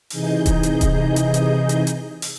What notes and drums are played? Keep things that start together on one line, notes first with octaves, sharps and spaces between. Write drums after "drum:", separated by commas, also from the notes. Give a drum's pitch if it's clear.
C3 E3 D#4 G#4 D#5 G6, drum: open hi-hat
drum: kick D#1, hi-hat
drum: hi-hat
drum: kick D#1, hi-hat
drum: hi-hat
drum: hi-hat
drum: hi-hat
drum: hi-hat
drum: open hi-hat